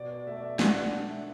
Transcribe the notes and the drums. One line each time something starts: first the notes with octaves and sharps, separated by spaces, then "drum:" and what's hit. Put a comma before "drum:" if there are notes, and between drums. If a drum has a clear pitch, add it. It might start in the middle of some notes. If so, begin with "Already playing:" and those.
Already playing: B2 D5
D5
A3 E5
D5
E5
D4 F#5, drum: snare
D5
D4
E5